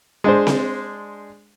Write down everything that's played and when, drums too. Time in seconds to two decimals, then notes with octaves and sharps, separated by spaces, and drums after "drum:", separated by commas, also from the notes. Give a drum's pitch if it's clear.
0.24 G#3 D4 C5
0.47 drum: snare C4